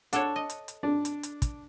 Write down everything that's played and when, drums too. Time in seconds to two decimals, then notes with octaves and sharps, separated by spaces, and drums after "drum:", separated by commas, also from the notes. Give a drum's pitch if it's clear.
0.13 D4 A4 C#5 F#5, drum: hi-hat
0.36 D#5
0.50 drum: hi-hat
0.68 drum: hi-hat
0.83 D4
1.05 drum: hi-hat
1.23 drum: hi-hat
1.42 drum: kick, hi-hat